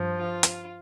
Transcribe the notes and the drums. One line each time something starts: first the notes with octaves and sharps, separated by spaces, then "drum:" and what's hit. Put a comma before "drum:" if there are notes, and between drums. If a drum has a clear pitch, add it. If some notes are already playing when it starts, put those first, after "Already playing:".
Already playing: G2 F3
F4
drum: hi-hat